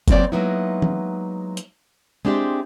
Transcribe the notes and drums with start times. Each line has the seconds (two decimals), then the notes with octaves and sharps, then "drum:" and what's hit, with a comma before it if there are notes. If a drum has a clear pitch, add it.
0.08 F#3 G#3 A#3 C4 C#5 D5, drum: kick F#1, hi-hat
0.32 F#3 G#3 A#3 B3 D#4 E4
0.82 drum: tom E3
1.57 drum: hi-hat
2.25 G#3 C4 D4 E4 G4